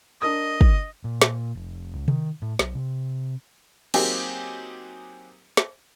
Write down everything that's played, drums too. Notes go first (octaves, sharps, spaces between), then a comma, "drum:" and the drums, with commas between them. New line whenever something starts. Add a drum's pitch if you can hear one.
D4 A#4 D#5 D#6
drum: kick
A#2
drum: snare
F1
C#2
D#3, drum: tom C3
A2
B1, drum: snare
C3
F#3 A#3 C4 D#4 G4 G#4, drum: cymbal
drum: snare